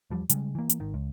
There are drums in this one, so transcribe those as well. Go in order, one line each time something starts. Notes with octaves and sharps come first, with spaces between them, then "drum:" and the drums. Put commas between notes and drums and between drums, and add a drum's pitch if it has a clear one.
E2 F3 G3
C#3 G3 G#3, drum: hi-hat
E3 A#3
drum: hi-hat
G#1 D#3
C#2